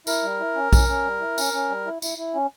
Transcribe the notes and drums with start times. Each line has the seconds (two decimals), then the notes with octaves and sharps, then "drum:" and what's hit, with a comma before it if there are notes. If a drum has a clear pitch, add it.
0.07 E4 A#4, drum: tambourine
0.23 G3
0.40 E4
0.55 C#4
0.73 C#4, drum: kick A#1, tambourine
0.89 C#4
1.05 G3
1.21 E4
1.38 C#4, drum: tambourine
1.53 C#4
1.69 G3
1.86 E4
2.02 E4, drum: tambourine
2.18 E4
2.35 C#4